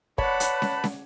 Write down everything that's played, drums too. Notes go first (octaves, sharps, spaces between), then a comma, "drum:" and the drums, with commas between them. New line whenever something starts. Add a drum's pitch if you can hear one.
B4 C#5 D5 F#5 A5 B5, drum: kick
drum: hi-hat
drum: snare
drum: snare